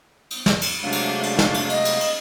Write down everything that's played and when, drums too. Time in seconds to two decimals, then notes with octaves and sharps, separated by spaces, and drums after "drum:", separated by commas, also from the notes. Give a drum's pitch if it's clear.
0.31 drum: cymbal
0.46 drum: snare
0.61 drum: cymbal
0.83 C3 F#3 G#3 A3 D4 F5
0.92 drum: cymbal
1.23 drum: cymbal
1.39 drum: snare
1.54 drum: cymbal
1.70 D#5, drum: cymbal
1.85 drum: cymbal
2.00 drum: cymbal